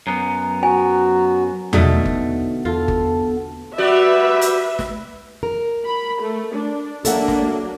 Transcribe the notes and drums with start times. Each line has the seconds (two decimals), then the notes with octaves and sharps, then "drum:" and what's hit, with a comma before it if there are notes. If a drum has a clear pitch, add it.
0.07 F#2 B3 A#5
0.63 F#4 G#5
1.73 B2 D3 A3 B3 D#4, drum: tom E2
2.05 drum: kick G1
2.65 E2 F4 A4
2.88 drum: kick G1
3.78 G3 F#4 B4 D5 E5
4.41 drum: hi-hat
4.79 drum: snare
5.43 A#4
5.85 B5
6.21 A3
6.54 D4
7.05 F#3 A#3 D4 A4 E5 F#5, drum: hi-hat
7.28 drum: snare